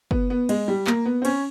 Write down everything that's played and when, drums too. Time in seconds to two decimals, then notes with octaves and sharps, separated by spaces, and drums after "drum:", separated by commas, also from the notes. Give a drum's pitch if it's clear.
0.11 B3, drum: kick G1
0.30 B3
0.49 G#3, drum: cymbal
0.68 G3
0.87 A#3, drum: clap
1.06 B3
1.22 C4
1.25 C#4, drum: cymbal